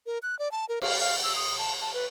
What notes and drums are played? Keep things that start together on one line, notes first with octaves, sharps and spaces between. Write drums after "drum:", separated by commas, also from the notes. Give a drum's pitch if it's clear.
A#4
F#6
D5
A5
A#4
F5, drum: cymbal
F5
E6
D#6
A5
A5
B4